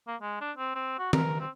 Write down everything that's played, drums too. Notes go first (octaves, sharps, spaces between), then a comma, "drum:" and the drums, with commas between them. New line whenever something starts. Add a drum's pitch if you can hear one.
A#3
G#3
D4
C4
C4
F#4
A#4, drum: tom D#3
C4